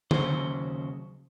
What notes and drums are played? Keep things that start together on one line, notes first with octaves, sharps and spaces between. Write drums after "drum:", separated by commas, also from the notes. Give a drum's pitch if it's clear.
D#2 C#3 F#3 C5, drum: tom